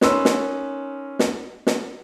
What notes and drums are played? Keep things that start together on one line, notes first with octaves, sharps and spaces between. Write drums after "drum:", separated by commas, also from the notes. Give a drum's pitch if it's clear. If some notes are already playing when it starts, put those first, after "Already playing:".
C#4 D#4 A#4 B4 C6 E6, drum: snare
drum: snare
drum: snare
drum: snare